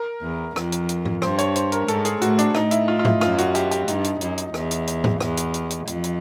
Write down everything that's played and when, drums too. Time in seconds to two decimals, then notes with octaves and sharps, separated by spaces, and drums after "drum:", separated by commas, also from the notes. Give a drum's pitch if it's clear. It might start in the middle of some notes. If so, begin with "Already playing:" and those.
Already playing: A#4
0.22 E2
0.56 F2, drum: rim click
0.72 drum: hi-hat
0.89 drum: hi-hat
1.05 drum: tom G#2
1.22 G2 C5, drum: rim click
1.38 C#5, drum: hi-hat
1.56 C5, drum: hi-hat
1.72 A#4, drum: hi-hat
1.88 G#2 A4, drum: hi-hat
2.05 G#4, drum: hi-hat
2.22 A2 F#4, drum: hi-hat
2.38 D4, drum: hi-hat
2.55 A2 D#4, drum: rim click
2.71 E4, drum: hi-hat
2.88 F4
2.99 F4
3.05 E4, drum: tom G#2
3.21 F#2 F4, drum: rim click
3.38 F#4, drum: hi-hat
3.55 G4, drum: hi-hat
3.71 G4, drum: hi-hat
3.88 G2 D#4, drum: hi-hat
4.04 drum: hi-hat
4.21 F#2, drum: hi-hat
4.38 drum: hi-hat
4.54 E2, drum: rim click
4.71 drum: hi-hat
4.87 drum: hi-hat
5.04 drum: tom G#2
5.21 E2, drum: rim click
5.37 drum: hi-hat
5.54 drum: hi-hat
5.70 drum: hi-hat
5.87 F2, drum: hi-hat
6.04 drum: hi-hat